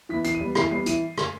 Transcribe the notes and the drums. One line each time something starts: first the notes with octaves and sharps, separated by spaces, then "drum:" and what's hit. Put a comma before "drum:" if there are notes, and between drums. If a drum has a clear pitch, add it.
E3 B3 B6
E3 C7, drum: hi-hat
D#7
G3 B3
E3 C7, drum: rim click
G3 B3 C7
E3 D#7, drum: hi-hat
drum: rim click